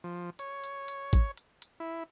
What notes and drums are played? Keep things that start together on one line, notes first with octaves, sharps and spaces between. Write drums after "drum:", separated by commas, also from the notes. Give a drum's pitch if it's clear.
F3
C#5, drum: hi-hat
drum: hi-hat
drum: hi-hat
drum: kick, hi-hat
drum: hi-hat
drum: hi-hat
E4